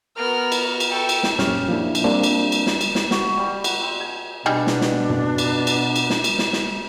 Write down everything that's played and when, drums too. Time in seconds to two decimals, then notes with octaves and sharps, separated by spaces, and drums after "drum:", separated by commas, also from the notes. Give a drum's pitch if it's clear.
0.17 B3 F#4 A#4 F6
0.52 drum: cymbal
0.80 drum: cymbal
0.91 A4 B4 G5 C#6
1.09 drum: cymbal
1.23 drum: snare
1.38 F#2 A#2 C#4 G4 F6, drum: snare
1.69 F3 A#3 D4 E4
1.95 drum: cymbal
2.04 G3 A#3 C4 D4
2.23 drum: cymbal
2.52 drum: cymbal
2.66 drum: snare
2.81 drum: cymbal
2.95 drum: snare
3.11 F#4, drum: snare
3.37 G3
3.64 F#5, drum: cymbal
3.81 C4
4.00 G#5
4.46 B2 G3 D4 D#4 G#4
4.67 drum: snare
4.81 drum: snare
5.10 drum: tom F#2
5.38 drum: cymbal
5.67 drum: cymbal
5.96 drum: cymbal
6.10 drum: snare
6.24 drum: cymbal
6.39 drum: snare
6.53 drum: snare